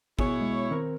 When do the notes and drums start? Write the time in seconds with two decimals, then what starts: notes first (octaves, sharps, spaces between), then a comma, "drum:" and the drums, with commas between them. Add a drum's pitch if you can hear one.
0.19 B2 E4 G#4 C#5, drum: kick G#1
0.41 G#3
0.71 D#3 C4 A#4